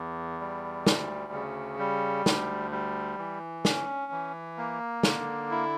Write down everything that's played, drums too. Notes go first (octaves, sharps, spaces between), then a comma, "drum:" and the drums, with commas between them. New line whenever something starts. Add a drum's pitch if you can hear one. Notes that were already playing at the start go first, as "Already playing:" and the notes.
Already playing: E2
G3
D2, drum: snare
C#3
G3
D2, drum: snare
G3
E3
C#4, drum: snare
E3
A#3
D3, drum: snare
E4